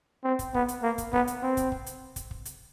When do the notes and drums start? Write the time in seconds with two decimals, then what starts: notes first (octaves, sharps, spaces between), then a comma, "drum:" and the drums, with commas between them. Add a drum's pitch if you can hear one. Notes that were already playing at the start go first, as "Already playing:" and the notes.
0.24 C4
0.39 drum: kick, hi-hat
0.54 B3, drum: kick
0.68 drum: hi-hat
0.83 A#3
0.98 drum: kick, hi-hat
1.13 B3, drum: kick
1.27 drum: hi-hat
1.43 C4
1.57 drum: kick, hi-hat
1.72 drum: kick
1.86 drum: hi-hat
2.16 drum: kick, hi-hat
2.31 drum: kick
2.45 drum: hi-hat